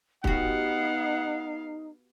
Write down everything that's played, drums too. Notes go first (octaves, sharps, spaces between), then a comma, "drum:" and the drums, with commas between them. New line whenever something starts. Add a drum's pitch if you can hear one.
B3 D#4 F#4 G4 F5 F#5, drum: kick